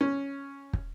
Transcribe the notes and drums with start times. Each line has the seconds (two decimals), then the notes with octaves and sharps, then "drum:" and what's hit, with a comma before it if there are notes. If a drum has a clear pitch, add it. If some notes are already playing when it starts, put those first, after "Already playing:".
0.01 C#4
0.73 drum: kick